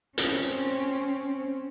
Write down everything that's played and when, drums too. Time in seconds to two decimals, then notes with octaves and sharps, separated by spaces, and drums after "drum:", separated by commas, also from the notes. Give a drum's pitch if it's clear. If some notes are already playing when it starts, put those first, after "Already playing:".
0.18 C4 C#4, drum: hi-hat